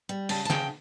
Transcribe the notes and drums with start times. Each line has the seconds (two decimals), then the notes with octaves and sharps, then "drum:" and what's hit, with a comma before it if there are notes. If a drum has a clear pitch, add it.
0.09 G3
0.29 C#3 A5, drum: open hi-hat
0.45 A5
0.50 C#3 G5, drum: snare